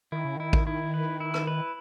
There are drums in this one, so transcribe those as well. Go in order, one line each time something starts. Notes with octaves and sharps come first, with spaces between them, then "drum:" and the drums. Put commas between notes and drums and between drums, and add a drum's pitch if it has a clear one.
D#3 E4
C#3
D#3 E4
drum: kick A1
E4
B4
E4
drum: rim click
B4